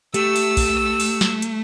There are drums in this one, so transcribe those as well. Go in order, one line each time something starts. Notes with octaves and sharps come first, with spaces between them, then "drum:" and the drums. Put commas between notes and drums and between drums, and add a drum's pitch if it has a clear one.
A3 G4 E6, drum: hi-hat
drum: open hi-hat
drum: kick B1, open hi-hat
drum: open hi-hat
drum: snare
drum: hi-hat